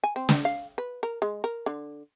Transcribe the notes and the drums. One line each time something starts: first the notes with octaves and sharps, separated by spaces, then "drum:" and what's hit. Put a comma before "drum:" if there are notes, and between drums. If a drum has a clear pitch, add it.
G#5
C4
drum: snare
F5
B4
A#4
G#3
A#4
D3